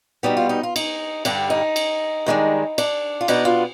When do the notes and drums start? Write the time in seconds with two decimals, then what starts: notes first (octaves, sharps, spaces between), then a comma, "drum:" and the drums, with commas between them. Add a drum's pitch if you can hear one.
0.23 B2 G3 B3 D#4
0.37 F4
0.49 D#4
0.63 F4
0.76 D#4, drum: cymbal
1.25 G2 D3 G3 D4, drum: cymbal
1.50 D#4
1.76 drum: cymbal
2.26 G2 D#3 G#3 B3 D4
2.78 D4, drum: cymbal
3.21 F4
3.28 B2 B3 D4 D#4, drum: cymbal
3.45 F4